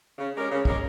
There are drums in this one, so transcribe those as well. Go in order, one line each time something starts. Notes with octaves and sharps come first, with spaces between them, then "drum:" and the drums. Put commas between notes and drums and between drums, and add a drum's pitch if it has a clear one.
C#3
G#3 C#4 G4 A#4
C#3
G#3 C#4 G4 A#4, drum: kick